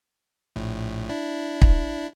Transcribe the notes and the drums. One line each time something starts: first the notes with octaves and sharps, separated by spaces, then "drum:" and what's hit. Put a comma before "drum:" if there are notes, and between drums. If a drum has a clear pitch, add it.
A#1 A2
D4 E4
drum: kick